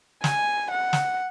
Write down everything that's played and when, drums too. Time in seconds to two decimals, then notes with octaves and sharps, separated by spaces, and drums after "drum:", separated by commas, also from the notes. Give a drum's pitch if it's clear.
0.24 G#5, drum: snare
0.71 F#5
0.93 drum: snare